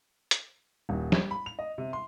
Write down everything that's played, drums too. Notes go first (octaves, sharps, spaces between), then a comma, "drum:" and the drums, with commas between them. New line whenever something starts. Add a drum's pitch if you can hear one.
drum: hi-hat
D#1
G3, drum: snare
B5
F7
D#5
C3
C6